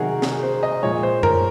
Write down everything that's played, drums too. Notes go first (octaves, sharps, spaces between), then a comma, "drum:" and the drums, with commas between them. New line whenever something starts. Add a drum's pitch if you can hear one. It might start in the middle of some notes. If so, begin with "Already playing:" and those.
Already playing: C3 D#3 F#3 D#4 F#4 G#4 A#4
G#4, drum: snare
C5
D#5
A#2 F3 G#3 C#5
C5
A#4, drum: tom F#2